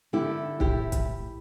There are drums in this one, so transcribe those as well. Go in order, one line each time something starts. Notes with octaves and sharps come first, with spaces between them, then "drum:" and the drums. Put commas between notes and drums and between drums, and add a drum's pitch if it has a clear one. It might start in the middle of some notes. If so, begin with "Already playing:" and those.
D3 E4 G4
A2 E4 G4, drum: kick
drum: kick, hi-hat